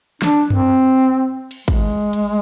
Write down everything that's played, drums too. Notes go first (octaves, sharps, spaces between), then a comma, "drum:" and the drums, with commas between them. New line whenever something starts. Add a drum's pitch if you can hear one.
D4, drum: snare
C4, drum: tom F#2
drum: cymbal
G#3, drum: kick G#1
drum: cymbal